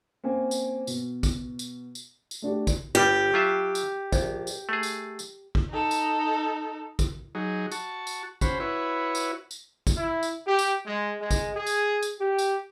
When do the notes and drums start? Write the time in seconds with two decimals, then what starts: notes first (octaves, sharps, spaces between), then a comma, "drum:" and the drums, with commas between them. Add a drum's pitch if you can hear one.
0.24 A#3 C4 C#4 G#5
0.51 drum: tambourine
0.87 B2, drum: tambourine
1.23 drum: kick, tambourine
1.59 drum: tambourine
1.95 drum: tambourine
2.31 drum: tambourine
2.42 A3 D4 F#4 G4
2.67 drum: kick, tambourine
2.95 G1 G3 G4
3.34 F#3 F4 E5
3.75 drum: tambourine
4.12 A#1, drum: kick, tambourine
4.47 drum: tambourine
4.69 A3 G#4
4.83 drum: tambourine
5.19 drum: tambourine
5.55 drum: kick
5.70 D#4 A4
5.91 drum: tambourine
6.99 drum: kick, tambourine
7.35 F#3 D#4 G#4
7.72 F#4 A5 C#6, drum: tambourine
8.07 drum: tambourine
8.41 C#4 F#4 C5 B5, drum: kick, tambourine
8.60 E4 F#4 B4 C#5
9.15 drum: tambourine
9.51 drum: tambourine
9.87 drum: kick, tambourine
9.97 E4
10.23 drum: tambourine
10.47 G4
10.59 drum: tambourine
10.86 G#3
11.21 G#3
11.31 drum: kick, tambourine
11.55 G#4
11.67 drum: tambourine
12.03 drum: tambourine
12.19 G4
12.39 drum: tambourine